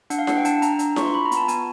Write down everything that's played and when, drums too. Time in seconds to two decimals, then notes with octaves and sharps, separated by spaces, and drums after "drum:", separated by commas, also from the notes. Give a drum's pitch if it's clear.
0.10 D4 F#5, drum: hi-hat
0.19 F5
0.27 D4 F#5, drum: snare E4
0.37 G5
0.45 D4 A5, drum: hi-hat
0.62 D4 A#5, drum: hi-hat
0.79 D4 A#5, drum: hi-hat
0.96 F4 C#6, drum: snare E4
1.05 C6
1.14 F4 B5
1.26 A#5
1.32 B3, drum: hi-hat
1.37 A5
1.48 B3 G#5, drum: hi-hat